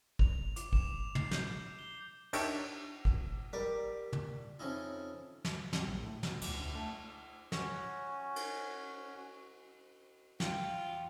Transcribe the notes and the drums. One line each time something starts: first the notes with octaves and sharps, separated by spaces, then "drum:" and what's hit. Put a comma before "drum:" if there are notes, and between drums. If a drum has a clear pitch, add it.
F7, drum: kick
D6, drum: hi-hat
E7, drum: kick
C7, drum: tom
G6, drum: snare
G7
D4 D#4 G4 A#4 C#5 E5, drum: cymbal
drum: kick
G3 A#4 D5
drum: tom
F2 F3 C#4 D#4 E4
drum: snare
G3, drum: snare
A#1
A2
B2, drum: snare
D2, drum: cymbal
D2
A3
C#4 F#4, drum: snare
drum: cymbal
E2 F4 G5, drum: snare